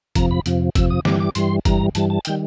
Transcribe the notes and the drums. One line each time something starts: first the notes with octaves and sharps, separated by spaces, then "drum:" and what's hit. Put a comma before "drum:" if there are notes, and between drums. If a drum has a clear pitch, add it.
F2 C3 F3 A#5, drum: kick, hi-hat
B5
F2 C3 F3, drum: hi-hat
F2 C3 F3 E6, drum: kick, hi-hat
D#6
G2 E3 G3 D6, drum: snare
D6
G2 E3 G3 C6, drum: hi-hat
G2 E3 G3 A#5, drum: kick, hi-hat
G2 E3 G3 A5, drum: hi-hat
A5
D#3 G3 G5, drum: hi-hat